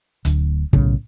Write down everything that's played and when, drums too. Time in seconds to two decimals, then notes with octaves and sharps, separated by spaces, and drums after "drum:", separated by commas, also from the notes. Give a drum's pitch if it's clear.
0.25 D1 D2, drum: hi-hat
0.73 B1 A2 C#3, drum: kick